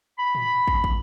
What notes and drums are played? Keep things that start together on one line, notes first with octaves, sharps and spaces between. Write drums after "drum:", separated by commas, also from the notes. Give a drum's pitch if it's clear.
B5
drum: tom A2
drum: kick
drum: kick